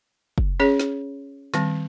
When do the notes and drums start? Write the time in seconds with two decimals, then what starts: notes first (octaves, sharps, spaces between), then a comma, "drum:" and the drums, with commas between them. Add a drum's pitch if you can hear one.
0.38 drum: kick
0.60 C#4 G#4 C#5
0.80 drum: snare
1.54 D#3 G3 C4, drum: snare